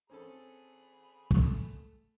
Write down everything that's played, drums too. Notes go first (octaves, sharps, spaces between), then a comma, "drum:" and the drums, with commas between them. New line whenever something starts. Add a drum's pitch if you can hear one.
C4 C#4 G#4 A4 B5
A3, drum: kick